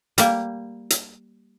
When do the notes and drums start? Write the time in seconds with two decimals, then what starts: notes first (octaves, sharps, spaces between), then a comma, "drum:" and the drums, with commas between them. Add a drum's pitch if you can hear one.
0.18 G3 A#3, drum: hi-hat
0.90 drum: hi-hat